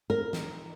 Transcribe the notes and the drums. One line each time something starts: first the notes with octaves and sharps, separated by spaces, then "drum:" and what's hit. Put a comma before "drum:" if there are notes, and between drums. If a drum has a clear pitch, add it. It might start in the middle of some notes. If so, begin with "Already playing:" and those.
A#4
drum: snare